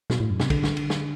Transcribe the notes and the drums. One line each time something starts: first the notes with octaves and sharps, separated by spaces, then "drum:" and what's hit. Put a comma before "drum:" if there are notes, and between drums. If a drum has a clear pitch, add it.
B2, drum: snare
A2
F#2
C3, drum: snare
D3, drum: kick, cymbal
drum: snare
drum: cymbal
drum: snare